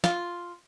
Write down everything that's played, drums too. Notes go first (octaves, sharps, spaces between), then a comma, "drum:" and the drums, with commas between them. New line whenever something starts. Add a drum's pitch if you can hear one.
F4, drum: snare